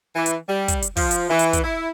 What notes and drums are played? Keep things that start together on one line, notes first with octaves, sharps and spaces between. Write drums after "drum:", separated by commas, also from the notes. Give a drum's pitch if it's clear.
E3
drum: hi-hat
G3
drum: kick, hi-hat
drum: hi-hat
F3, drum: kick, open hi-hat
drum: hi-hat
E3
drum: hi-hat
drum: kick, hi-hat
E4